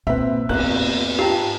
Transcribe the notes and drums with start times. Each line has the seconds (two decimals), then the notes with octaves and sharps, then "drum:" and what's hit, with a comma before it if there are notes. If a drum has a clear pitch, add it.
0.07 A#2 C4 B4 E5
0.49 E2 G#2 C3 A#3 F#6, drum: cymbal
1.19 F4 G4 F5 G5 A5 A#5 C7